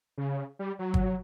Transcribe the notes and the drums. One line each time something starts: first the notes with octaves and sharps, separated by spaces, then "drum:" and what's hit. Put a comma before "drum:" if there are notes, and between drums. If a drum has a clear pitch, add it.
C#3
G3
F#3
drum: kick